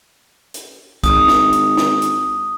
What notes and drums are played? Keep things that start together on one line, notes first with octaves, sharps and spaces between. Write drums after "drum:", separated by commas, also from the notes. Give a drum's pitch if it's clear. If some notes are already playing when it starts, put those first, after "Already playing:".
drum: hi-hat
G#1 D#6, drum: kick, hi-hat
drum: snare
drum: hi-hat
drum: snare
drum: hi-hat